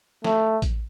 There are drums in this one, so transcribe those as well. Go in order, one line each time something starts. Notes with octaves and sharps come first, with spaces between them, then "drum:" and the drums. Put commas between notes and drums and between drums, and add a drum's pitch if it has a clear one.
A3, drum: snare
drum: kick A1, hi-hat